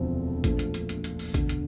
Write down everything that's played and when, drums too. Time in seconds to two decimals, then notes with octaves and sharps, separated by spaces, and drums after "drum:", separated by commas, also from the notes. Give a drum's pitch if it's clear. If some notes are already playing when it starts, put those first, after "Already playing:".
Already playing: E1 D2 C3 F3 C4
0.44 A#1 A#2 F3 A3, drum: kick A1, hi-hat
0.59 drum: hi-hat
0.74 drum: hi-hat
0.89 drum: hi-hat
1.04 drum: hi-hat
1.19 drum: open hi-hat
1.34 E1 D2 D3, drum: kick A1, hi-hat
1.49 drum: hi-hat